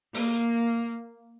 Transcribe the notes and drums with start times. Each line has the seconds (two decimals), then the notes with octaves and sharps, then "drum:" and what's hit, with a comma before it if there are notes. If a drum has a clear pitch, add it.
0.14 A#3, drum: open hi-hat